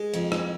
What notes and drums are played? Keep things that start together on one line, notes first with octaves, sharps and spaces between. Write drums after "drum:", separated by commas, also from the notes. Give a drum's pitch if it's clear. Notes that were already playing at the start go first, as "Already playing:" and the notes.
Already playing: G#3
F2, drum: hi-hat
drum: rim click